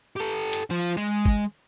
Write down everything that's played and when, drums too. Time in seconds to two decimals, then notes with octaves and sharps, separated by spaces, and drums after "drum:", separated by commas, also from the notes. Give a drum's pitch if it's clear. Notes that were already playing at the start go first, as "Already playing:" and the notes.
0.17 G4 A4
0.53 drum: hi-hat
0.70 F3 F4
0.97 G#3
1.25 drum: kick